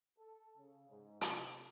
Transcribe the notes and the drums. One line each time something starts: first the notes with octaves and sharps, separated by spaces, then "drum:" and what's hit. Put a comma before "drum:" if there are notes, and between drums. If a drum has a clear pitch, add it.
A4
C#3
G#2
C3, drum: hi-hat